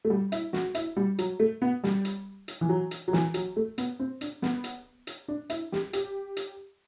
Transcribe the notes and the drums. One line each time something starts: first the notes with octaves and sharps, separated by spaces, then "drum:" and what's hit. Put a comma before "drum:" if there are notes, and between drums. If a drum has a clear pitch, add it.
A3
G3
E4, drum: hi-hat
F#4, drum: snare
E4, drum: hi-hat
G3
F#3, drum: hi-hat
A3
B3
G3, drum: snare
drum: hi-hat
drum: hi-hat
E3
F#3
drum: hi-hat
F#3
E3, drum: snare
F#3, drum: hi-hat
A3
B3, drum: hi-hat
C4
D4, drum: hi-hat
B3, drum: snare
drum: hi-hat
drum: hi-hat
D4
E4, drum: hi-hat
G4, drum: snare
G4, drum: hi-hat
drum: hi-hat